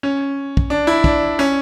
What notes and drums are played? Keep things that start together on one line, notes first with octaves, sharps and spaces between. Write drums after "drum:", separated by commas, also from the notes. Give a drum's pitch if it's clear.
C#4
drum: kick
D4
E4
D4, drum: kick
C#4